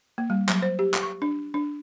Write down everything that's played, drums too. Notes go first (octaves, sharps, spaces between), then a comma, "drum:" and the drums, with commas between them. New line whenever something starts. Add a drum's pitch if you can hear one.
A#3
G3
F#3, drum: clap
C5
G4
drum: clap
C#6
D4
D4